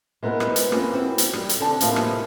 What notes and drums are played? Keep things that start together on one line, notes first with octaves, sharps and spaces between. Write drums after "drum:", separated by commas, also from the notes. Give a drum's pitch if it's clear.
G#3 B3 E4 A#4 C5
drum: rim click
drum: hi-hat
A#3 C4 C#4 F4 G#4 B4, drum: rim click
C4 E4 F#4
drum: hi-hat
G3, drum: rim click
drum: hi-hat
D3 C4 D4 A5
A2 C3 F3 G#3 A#3 B3, drum: hi-hat
drum: rim click